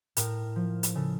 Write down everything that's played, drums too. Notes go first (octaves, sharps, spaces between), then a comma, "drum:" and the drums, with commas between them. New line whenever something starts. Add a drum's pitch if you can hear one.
A2 A#4, drum: hi-hat
F3
drum: hi-hat
C#3 A4